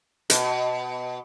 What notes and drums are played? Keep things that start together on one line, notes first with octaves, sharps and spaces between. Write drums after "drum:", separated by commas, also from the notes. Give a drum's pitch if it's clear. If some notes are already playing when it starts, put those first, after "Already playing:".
B2, drum: hi-hat